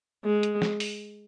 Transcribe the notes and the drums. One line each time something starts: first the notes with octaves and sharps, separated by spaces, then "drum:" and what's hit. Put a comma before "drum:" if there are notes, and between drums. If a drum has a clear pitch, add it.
G#3
drum: hi-hat
drum: snare
drum: open hi-hat